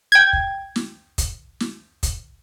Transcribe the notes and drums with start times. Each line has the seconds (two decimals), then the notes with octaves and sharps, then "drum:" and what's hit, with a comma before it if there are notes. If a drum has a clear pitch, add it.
0.12 G5 G#6
0.33 drum: kick
0.76 drum: snare
1.18 drum: kick, hi-hat
1.60 drum: snare
2.03 drum: kick, hi-hat